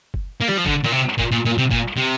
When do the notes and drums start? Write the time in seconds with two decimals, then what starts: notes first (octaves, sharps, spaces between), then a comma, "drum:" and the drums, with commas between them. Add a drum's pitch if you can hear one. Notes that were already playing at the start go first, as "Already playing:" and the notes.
0.14 drum: kick F#1
0.42 A#3
0.49 G3, drum: snare
0.58 F3
0.66 D3, drum: kick F#1
0.84 A#2, drum: snare
0.93 C3
1.18 A#2, drum: kick F#1
1.32 A#2
1.45 A#2
1.58 C3
1.71 A#2, drum: kick F#1
1.97 C3